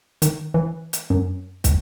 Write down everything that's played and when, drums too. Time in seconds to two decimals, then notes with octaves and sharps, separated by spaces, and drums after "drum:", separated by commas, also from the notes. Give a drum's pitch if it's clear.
0.22 D#3, drum: hi-hat
0.54 E3
0.93 drum: hi-hat
1.10 F#2
1.64 drum: kick, hi-hat